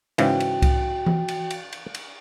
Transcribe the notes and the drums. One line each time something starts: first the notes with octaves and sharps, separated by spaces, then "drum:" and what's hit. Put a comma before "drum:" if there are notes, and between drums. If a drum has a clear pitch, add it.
G#2 C#3 E3 F#4 G5, drum: cymbal
drum: cymbal
drum: kick C2, cymbal
drum: tom E3
drum: cymbal
drum: cymbal
drum: cymbal
drum: cymbal